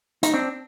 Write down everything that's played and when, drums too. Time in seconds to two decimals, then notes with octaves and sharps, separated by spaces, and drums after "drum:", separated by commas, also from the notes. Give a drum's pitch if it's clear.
0.23 D#4, drum: hi-hat
0.34 C4 D4